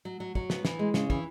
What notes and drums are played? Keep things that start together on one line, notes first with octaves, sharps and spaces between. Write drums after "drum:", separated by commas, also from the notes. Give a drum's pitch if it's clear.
F#3
F#3
F#3, drum: kick
B3, drum: snare
E3, drum: snare
G#3
C#3, drum: snare
E3, drum: kick